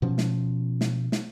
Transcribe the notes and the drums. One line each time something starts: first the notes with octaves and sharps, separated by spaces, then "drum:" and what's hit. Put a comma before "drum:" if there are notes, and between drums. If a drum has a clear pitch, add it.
B2 F3 C#4
drum: snare
drum: snare
drum: snare